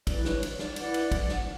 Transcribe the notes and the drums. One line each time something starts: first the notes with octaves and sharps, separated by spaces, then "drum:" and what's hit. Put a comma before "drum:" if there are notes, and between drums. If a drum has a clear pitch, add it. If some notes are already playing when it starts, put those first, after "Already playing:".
E4 B4 D5, drum: kick, cymbal
C#5, drum: snare
C#5, drum: cymbal
D5, drum: snare
E4 B4 D5 F#5, drum: cymbal
drum: cymbal
drum: kick, cymbal
drum: snare